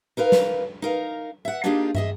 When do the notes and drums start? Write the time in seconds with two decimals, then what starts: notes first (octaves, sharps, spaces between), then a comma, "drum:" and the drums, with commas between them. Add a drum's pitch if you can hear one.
0.17 D#4 A#4 B4 F5
0.32 drum: snare
0.82 D#4 A#4 F5
1.45 E5 F#5
1.64 A#3 D4 D#4 F4 G4 G#4
1.95 G#4 D#5 E5, drum: tom